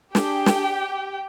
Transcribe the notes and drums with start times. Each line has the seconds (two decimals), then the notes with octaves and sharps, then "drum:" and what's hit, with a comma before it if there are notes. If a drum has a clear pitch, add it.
0.15 D4 G4 G#4 G5, drum: snare
0.46 drum: snare